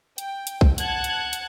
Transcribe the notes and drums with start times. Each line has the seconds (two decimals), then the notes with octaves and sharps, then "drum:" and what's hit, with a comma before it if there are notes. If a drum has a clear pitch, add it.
0.18 G5, drum: hi-hat
0.47 drum: hi-hat
0.61 drum: kick B1
0.78 F#5 A5 F#6 G#6, drum: hi-hat
1.04 drum: hi-hat
1.33 drum: hi-hat